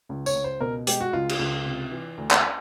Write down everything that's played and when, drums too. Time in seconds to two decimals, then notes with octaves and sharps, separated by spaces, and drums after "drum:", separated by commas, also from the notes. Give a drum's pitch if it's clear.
0.09 C#2
0.26 C#5, drum: tambourine
0.35 C#2
0.44 C5
0.61 B2 A#4
0.87 G#3 G4, drum: hi-hat
1.01 F#4
1.13 C#2 F4
1.29 drum: cymbal
1.39 C#2
1.66 C3
1.92 E3
2.18 D2
2.31 drum: clap